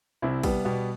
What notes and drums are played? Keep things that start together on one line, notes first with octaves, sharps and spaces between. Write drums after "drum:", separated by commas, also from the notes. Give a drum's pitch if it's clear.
C2 C4 E4
C2 G3 B3, drum: kick, cymbal
B2 G3 B3